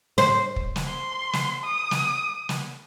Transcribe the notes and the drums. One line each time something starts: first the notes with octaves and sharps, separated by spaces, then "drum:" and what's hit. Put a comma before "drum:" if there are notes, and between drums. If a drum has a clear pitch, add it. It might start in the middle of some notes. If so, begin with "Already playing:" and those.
C5, drum: snare
drum: kick
drum: snare
C6
drum: snare
D#6
drum: snare
drum: snare